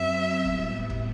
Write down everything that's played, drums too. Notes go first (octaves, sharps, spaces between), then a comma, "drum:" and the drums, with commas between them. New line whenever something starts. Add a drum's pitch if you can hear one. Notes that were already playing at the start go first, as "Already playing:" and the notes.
Already playing: F#2 F#3 C4 E5
A2 G3 B3, drum: kick
drum: kick